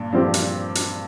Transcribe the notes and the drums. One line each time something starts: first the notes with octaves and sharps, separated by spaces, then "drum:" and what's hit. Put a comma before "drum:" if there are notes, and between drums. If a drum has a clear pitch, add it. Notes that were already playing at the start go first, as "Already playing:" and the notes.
Already playing: G2 A#2
G2 F3 C4 G4
drum: hi-hat
drum: hi-hat